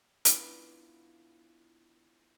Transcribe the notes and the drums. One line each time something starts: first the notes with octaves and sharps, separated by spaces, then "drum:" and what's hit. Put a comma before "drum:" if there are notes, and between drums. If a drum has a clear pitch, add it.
B3 D4 E4 F4 B4, drum: hi-hat